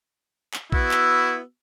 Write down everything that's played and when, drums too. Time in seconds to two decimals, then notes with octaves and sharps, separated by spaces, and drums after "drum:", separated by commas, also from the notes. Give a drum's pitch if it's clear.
0.54 drum: clap
0.72 B3 E4 F#4 E6, drum: kick A#1
0.91 drum: clap